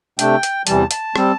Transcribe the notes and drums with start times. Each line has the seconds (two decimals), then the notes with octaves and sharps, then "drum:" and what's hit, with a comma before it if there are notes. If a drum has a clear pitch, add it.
0.19 C3 A3 D4 G5, drum: hi-hat
0.43 drum: hi-hat
0.67 E2 C3 E3 G3 A5, drum: hi-hat
0.91 A5, drum: hi-hat
1.16 G3 C4, drum: rim click